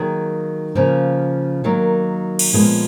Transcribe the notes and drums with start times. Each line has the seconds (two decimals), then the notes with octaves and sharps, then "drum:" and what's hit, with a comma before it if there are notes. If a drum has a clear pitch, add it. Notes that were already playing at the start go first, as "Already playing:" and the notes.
Already playing: D#3 F#3 A#3 G#4
0.75 C#3 F3 A#3
1.64 D#3 F#3 A#3
2.39 drum: cymbal
2.53 A#2 F3 G#3 B3 G#4